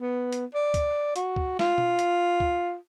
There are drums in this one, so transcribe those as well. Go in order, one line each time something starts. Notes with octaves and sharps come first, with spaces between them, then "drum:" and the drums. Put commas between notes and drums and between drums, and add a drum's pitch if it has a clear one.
B3
drum: hi-hat
D5
drum: kick C#2, hi-hat
F#4, drum: hi-hat
drum: kick C#2
F4, drum: snare
drum: tom B2
drum: hi-hat
drum: kick C#2